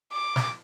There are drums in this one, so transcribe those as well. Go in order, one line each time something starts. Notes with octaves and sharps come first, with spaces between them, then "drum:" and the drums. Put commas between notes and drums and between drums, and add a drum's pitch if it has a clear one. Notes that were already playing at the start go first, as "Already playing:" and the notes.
D6
drum: snare